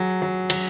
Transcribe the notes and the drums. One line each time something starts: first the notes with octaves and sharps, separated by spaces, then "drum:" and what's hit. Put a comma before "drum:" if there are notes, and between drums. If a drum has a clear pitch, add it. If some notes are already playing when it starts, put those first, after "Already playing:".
Already playing: F#3 G#4
F#3
F#3, drum: cymbal